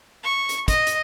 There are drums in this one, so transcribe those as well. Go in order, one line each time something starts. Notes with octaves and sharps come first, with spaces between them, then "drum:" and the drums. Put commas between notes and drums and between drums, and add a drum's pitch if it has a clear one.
C#6
drum: hi-hat
D#5, drum: kick, hi-hat
drum: hi-hat